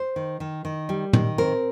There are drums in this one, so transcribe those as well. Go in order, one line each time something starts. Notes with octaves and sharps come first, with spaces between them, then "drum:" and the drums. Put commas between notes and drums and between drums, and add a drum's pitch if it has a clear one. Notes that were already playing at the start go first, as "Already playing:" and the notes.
Already playing: C5
D#3
D#3
D#3
G3
D#3, drum: tom
C4 A#4